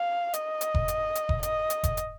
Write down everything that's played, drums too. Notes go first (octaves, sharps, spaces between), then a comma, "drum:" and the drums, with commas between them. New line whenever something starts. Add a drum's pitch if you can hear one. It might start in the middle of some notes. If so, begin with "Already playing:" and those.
Already playing: F5
D#5, drum: hi-hat
drum: hi-hat
drum: kick F1
drum: hi-hat
drum: hi-hat
drum: kick F1
D#5, drum: hi-hat
drum: hi-hat
drum: kick F1, hi-hat
drum: hi-hat